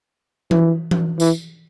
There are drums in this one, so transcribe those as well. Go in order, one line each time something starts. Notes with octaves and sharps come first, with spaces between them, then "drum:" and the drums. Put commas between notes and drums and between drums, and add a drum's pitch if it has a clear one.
E3, drum: tom E3
drum: tom E3
E3, drum: tambourine